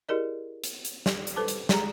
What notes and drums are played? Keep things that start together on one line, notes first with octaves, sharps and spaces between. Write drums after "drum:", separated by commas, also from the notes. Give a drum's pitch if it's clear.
E4 G4 G#4 A#4 D5 D#5
drum: hi-hat
drum: hi-hat
drum: snare
drum: hi-hat
A4 B4 C5 A5 D6
drum: hi-hat
G#3 G#4 A#5, drum: snare